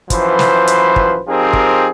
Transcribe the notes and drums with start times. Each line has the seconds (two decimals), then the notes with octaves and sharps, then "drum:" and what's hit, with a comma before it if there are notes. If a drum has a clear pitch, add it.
0.10 F#2 E3 F3 B4 C5, drum: kick, hi-hat
0.39 drum: snare
0.67 drum: hi-hat
0.96 drum: kick
1.28 F3 C4 D#4 G4 G#4 A#4
1.53 drum: kick